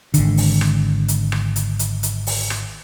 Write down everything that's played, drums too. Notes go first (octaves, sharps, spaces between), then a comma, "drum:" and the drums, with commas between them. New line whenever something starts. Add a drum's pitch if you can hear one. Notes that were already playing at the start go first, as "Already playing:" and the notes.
G#1 D3, drum: hi-hat
drum: open hi-hat
drum: rim click
drum: hi-hat
drum: rim click
drum: hi-hat
drum: hi-hat
drum: hi-hat
drum: open hi-hat
drum: rim click